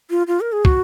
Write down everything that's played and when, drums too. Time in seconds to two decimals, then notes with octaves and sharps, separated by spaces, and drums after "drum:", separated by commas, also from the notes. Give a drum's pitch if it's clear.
0.10 F4
0.27 F4
0.41 A#4
0.52 G#4
0.65 F#4, drum: kick